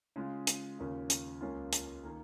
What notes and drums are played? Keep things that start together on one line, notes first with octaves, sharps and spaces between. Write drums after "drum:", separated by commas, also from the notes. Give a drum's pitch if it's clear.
C#3 G#3 F4
drum: hi-hat
D#2 C#3 A#3 F4
drum: hi-hat
C#2 C#3 A#3 C#4 F4
drum: hi-hat
D#3 A#3